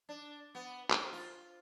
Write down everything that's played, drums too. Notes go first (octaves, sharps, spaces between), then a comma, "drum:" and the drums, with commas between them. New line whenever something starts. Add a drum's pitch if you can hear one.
D4
B3
C4, drum: clap
F4